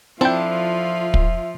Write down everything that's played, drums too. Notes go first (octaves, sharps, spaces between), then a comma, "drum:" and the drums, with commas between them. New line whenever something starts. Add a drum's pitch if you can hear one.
F3 C4 D4 E4 F4 A4 E5 G5
drum: kick